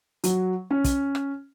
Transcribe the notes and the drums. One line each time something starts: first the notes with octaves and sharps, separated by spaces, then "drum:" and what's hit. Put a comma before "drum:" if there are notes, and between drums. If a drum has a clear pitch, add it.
F#3, drum: hi-hat
C#4
drum: kick, hi-hat
drum: rim click